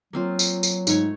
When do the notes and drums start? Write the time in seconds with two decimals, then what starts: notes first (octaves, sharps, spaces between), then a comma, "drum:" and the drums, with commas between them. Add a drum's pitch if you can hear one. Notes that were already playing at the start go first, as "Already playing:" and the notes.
0.13 F#3 A#3 C4 F4
0.39 drum: tambourine
0.63 drum: tambourine
0.87 G#2 A3 C#5, drum: tambourine